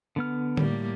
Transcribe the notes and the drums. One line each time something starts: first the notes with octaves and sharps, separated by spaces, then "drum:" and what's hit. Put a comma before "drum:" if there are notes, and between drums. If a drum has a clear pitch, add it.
D3 B3 F6
A2 G3 A#3, drum: tom D3